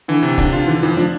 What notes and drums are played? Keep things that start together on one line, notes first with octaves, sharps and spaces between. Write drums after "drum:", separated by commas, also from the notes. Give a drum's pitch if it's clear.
D3 E3
C3
D3 D4, drum: kick
D3 F4
D3 E3
F2 E3
F3 D4